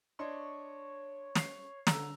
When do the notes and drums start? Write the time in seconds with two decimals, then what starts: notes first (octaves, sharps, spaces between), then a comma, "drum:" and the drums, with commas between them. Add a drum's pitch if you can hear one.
0.19 D4 C#5 D#5 C6
1.35 C7 F7, drum: snare
1.87 D3 A#5 E6, drum: snare